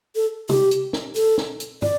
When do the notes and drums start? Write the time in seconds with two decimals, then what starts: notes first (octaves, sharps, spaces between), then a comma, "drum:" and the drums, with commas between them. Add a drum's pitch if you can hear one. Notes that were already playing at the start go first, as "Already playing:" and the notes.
0.16 A4
0.49 G4, drum: tom C3
0.71 drum: hi-hat
0.93 drum: snare
1.16 A4, drum: hi-hat
1.38 drum: snare
1.60 drum: hi-hat
1.82 D5, drum: tom